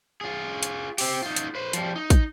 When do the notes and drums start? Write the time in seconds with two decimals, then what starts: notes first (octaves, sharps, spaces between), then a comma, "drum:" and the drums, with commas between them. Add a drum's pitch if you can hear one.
0.21 F4 G#4
0.63 drum: hi-hat
0.98 C4 G4, drum: open hi-hat
1.22 D#4 F4
1.36 drum: hi-hat
1.55 B4 C5
1.73 F3 G3, drum: hi-hat
1.96 D#4
2.10 drum: kick, hi-hat